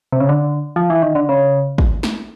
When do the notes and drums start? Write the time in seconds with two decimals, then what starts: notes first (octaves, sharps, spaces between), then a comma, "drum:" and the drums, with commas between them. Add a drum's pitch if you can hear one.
0.12 C3
0.20 C#3
0.29 D3
0.76 F3
0.90 E3
1.02 D#3
1.15 D3
1.29 C#3
1.78 drum: kick
2.03 drum: snare